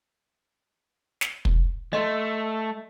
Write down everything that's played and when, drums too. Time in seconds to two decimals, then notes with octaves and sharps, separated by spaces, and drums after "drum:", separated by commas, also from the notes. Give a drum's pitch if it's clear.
1.21 drum: snare
1.45 drum: kick
1.93 A3 D#5 C6